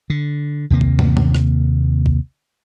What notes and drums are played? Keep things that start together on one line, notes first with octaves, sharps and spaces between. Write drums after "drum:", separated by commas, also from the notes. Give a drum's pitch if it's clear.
D3
D#2 C3 A#3
drum: kick
drum: tom
drum: tom
drum: rim click
drum: kick